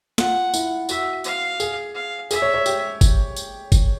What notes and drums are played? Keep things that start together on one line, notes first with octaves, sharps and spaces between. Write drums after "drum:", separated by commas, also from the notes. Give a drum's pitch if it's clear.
F4 F#5, drum: snare
E4, drum: tambourine
F#4 E5, drum: tambourine
F5, drum: tambourine
G#4, drum: tambourine
F5
G#4 E5, drum: tambourine
C#5
C#5
G4, drum: tambourine
drum: kick, tambourine
drum: tambourine
drum: kick, tambourine